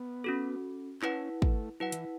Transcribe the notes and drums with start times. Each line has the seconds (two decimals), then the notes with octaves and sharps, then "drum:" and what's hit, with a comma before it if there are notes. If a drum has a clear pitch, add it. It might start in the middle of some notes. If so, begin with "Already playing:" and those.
Already playing: B3
0.24 C#4 F#4 A4
1.02 C#4 E4 B4 F#5, drum: clap
1.42 A3, drum: kick
1.80 F#3 E4 B4 F#5
1.92 E3, drum: hi-hat